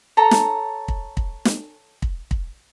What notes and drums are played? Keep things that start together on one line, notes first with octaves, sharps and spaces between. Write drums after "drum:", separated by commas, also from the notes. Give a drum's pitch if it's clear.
A4 C#5 A#5
drum: snare
drum: kick
drum: kick
drum: snare
drum: kick
drum: kick